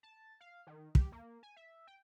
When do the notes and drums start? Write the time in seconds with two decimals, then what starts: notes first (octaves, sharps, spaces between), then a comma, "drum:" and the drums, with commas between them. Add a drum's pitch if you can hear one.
0.03 A5
0.41 F5
0.67 D#3
0.95 G4, drum: kick
1.12 A#3
1.43 G#5
1.57 E5
1.87 G5